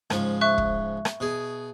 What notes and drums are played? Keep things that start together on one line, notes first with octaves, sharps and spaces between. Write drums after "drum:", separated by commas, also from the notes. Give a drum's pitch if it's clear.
G#2 C#3 F3, drum: rim click
E5 C#6 F#6
drum: kick
drum: rim click
B2 G#4